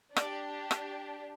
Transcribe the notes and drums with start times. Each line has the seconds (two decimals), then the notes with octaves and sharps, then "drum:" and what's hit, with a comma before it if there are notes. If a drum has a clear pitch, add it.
0.16 D4 G4 D5, drum: rim click
0.71 drum: rim click